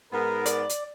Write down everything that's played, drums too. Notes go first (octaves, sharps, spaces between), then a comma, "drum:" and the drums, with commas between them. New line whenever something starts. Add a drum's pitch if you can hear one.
G#2 B3 A#4
D5, drum: hi-hat
drum: hi-hat